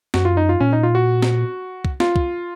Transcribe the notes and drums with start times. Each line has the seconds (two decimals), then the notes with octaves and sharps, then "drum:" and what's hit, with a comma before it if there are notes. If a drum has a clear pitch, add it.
0.14 F#2 F#4, drum: snare
0.25 F4
0.37 D#4
0.49 F4
0.60 A#2 C#4
0.73 D#4
0.83 F4
0.95 F#4
1.22 drum: snare
1.85 drum: kick
2.00 F4, drum: snare
2.16 drum: kick